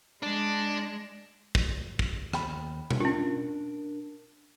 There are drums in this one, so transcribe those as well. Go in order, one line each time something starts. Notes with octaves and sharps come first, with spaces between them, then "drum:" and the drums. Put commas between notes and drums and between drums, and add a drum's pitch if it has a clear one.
G#3 D4
drum: kick
drum: kick
D#2 G5 B5, drum: rim click
drum: tom B2
C#4 D4 F4 A#4